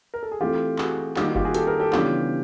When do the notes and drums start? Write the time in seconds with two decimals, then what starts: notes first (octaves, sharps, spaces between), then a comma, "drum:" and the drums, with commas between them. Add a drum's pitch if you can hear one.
0.14 A#4
0.23 A4
0.32 G#4
0.40 E3 A3 C4 F4 G4
0.78 F#4 G#4, drum: clap
1.16 D#3 G3 A#3 D#4 F4 G4, drum: clap
1.26 F#4
1.35 F4 G4, drum: kick F#1
1.45 F#4 G#4
1.54 G4 A4, drum: hi-hat
1.67 G#4 A#4
1.80 G4 A4
1.93 C#3 E3 G3 B3 D4 F4 G4, drum: clap